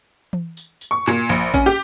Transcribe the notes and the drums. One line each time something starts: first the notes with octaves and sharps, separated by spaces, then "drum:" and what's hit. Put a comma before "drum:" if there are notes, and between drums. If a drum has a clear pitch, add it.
drum: tom E3
drum: tambourine
drum: tambourine
C#6
A#2, drum: clap
A#1
C#4, drum: kick A1, tambourine
G4